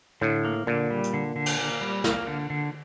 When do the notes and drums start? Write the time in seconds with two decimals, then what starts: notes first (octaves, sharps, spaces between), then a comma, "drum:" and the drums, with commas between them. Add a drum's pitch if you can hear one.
0.21 A2 D3
0.45 A#3
0.67 A#2 D3
0.90 G3
1.04 drum: hi-hat
1.14 D3
1.36 D3
1.46 drum: cymbal
1.58 A#3
1.81 G3
2.04 A#3, drum: snare
2.27 D3
2.50 D3